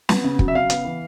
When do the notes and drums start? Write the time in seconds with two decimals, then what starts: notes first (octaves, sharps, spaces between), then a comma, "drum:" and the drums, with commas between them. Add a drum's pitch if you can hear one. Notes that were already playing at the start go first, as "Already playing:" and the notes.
0.09 B3, drum: snare
0.24 C#3
0.39 F#3, drum: kick
0.48 E5
0.55 C#3 F5
0.70 B3, drum: hi-hat
0.85 E3